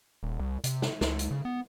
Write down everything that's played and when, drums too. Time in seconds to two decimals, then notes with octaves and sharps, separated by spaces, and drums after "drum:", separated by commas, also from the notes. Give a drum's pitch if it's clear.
0.23 D#1
0.39 C2
0.64 C3, drum: hi-hat
0.82 drum: snare
1.01 C#2, drum: snare
1.19 drum: hi-hat
1.31 C#3
1.45 B3